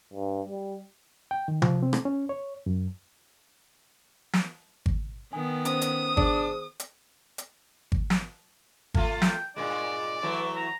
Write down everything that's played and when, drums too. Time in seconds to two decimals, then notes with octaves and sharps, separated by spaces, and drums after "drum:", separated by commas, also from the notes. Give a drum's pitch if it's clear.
0.13 G2
0.49 G3
1.31 G5
1.48 D#3
1.62 F3, drum: tom C3
1.83 C4
1.93 drum: rim click
2.05 C#4
2.29 C#5
2.66 F#2
4.33 drum: snare
4.86 drum: kick G#1
5.33 D#3 B3 G#5
5.65 C#4 C5 D#6, drum: hi-hat
5.81 drum: hi-hat
6.17 D4 G#4 C5, drum: kick G#1
6.80 drum: hi-hat
7.38 drum: hi-hat
7.92 drum: kick G#1
8.10 drum: snare
8.94 A3 F4, drum: kick G#1
9.22 G5, drum: snare
9.56 G2 A#2 G#3 D5
10.22 E3 F#3 A3
10.56 A#5